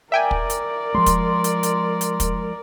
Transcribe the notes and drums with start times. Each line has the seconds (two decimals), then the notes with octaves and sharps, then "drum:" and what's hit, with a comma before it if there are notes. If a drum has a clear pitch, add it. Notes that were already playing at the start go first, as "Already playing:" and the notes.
0.12 A#4 D5 E5 G5 G#5
0.31 drum: kick
0.50 drum: hi-hat
0.95 F3 G#3 C6
1.06 drum: kick, hi-hat
1.44 drum: hi-hat
1.63 drum: hi-hat
2.01 drum: hi-hat
2.20 drum: kick, hi-hat